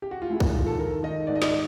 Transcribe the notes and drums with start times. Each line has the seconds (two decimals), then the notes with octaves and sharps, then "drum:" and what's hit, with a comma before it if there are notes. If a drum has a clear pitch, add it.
0.02 G4
0.11 F#4
0.22 F4
0.30 G#3 E4
0.40 drum: kick
0.54 D#3 F4
0.66 A4
0.78 D#3 A#4
1.03 D#3 D#5
1.27 G#2 D5
1.36 D#5
1.42 D5, drum: snare